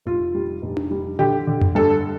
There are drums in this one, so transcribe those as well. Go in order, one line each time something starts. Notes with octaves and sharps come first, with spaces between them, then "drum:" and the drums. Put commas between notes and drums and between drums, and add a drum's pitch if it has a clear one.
F1 F4
G3
F1
drum: tom D4
G3
D3 G4
D3
drum: tom F2
G2 A4